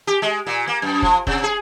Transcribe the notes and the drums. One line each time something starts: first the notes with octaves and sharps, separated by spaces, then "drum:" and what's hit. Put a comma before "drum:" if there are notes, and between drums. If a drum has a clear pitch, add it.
G4
G#3
A#2
A#3
F#2
F3, drum: kick F1
C3, drum: kick F1
G#4